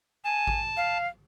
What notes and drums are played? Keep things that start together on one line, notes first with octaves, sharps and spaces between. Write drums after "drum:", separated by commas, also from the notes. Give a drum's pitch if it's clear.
G#5 A5
drum: kick G#1
F5